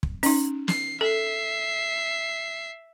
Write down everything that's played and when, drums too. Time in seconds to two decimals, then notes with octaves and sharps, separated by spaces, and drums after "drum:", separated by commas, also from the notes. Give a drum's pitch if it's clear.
0.03 drum: kick
0.23 C#4 D#4, drum: open hi-hat
0.68 C7, drum: snare
1.01 A4 E5 C7